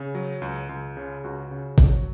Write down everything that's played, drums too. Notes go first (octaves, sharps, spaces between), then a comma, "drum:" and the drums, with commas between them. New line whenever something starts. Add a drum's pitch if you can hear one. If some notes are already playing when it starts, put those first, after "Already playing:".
Already playing: C#3
F#3
C#2
C#2
C#3
C#2 F#4
C#3
F#3, drum: kick